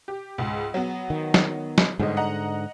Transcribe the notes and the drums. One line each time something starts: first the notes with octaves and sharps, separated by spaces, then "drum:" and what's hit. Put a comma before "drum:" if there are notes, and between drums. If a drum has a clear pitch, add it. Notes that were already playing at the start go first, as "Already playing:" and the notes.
G4
C#2 G#2
F#3 B3
D#3
drum: snare
drum: snare
G1 G#2 D3 G#3 D#5
D#5 F#5 A#5